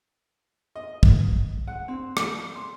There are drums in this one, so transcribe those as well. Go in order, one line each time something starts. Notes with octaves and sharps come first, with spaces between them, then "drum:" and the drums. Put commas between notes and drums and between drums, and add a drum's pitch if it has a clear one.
D#5
drum: kick
F#5
C4
drum: rim click
C6